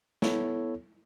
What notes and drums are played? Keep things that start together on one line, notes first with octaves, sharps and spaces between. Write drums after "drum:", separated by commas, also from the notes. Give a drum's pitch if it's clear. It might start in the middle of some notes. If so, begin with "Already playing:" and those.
B3 E4 A4 C#5, drum: snare